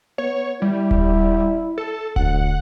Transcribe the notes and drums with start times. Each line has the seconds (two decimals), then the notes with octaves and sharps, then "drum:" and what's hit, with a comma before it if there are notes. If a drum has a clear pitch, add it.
0.18 B3 C#5
0.62 G3 E4
0.91 drum: kick D#1
1.78 A4
2.16 D2 F#5, drum: kick D#1